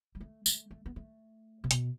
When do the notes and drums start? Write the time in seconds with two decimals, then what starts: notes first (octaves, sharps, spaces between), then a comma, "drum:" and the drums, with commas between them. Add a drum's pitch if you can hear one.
0.15 G3
0.20 A3
0.46 A3, drum: tambourine
0.71 A3
0.86 B3
0.96 A3
1.64 C3
1.71 B2, drum: hi-hat